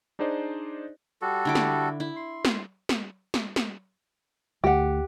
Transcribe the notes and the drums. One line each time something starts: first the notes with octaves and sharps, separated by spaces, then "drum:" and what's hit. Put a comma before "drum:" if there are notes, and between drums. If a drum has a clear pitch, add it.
D4 D#4 G#4 C5 D5 D#5
G3 F#4 A4
D3 E4 D6
drum: snare
E4
C6
drum: snare
drum: snare
drum: snare
drum: snare
D2 G4 F#5